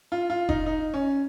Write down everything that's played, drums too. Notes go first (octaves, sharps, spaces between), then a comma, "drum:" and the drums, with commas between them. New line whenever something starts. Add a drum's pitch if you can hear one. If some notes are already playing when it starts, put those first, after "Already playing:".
F4
F4
D#4, drum: kick F1
D#4
C#4